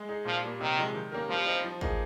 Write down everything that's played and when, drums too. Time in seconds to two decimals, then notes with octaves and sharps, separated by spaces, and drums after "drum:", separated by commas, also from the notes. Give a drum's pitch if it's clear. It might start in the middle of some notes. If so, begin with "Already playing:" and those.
Already playing: G#3
0.09 D#4 G#4
0.25 A#2 F3
0.44 G3 A#3
0.60 C3 D#3
0.78 F3 G#3
0.94 D#3
1.12 A#3 C#4 G4 A#4
1.29 F3 G3
1.46 C4 D#4 G4
1.64 F3
1.81 A#3 D#4 G#4, drum: kick G#1